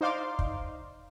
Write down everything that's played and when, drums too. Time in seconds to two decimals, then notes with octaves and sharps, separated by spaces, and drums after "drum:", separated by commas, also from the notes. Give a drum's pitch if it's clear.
0.01 D#4 C5 D5 F5 C6 D6
0.39 drum: kick